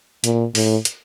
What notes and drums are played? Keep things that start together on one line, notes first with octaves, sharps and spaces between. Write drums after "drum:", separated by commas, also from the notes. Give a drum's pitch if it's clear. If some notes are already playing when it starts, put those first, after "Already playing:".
A#2, drum: hi-hat
A2, drum: open hi-hat
drum: hi-hat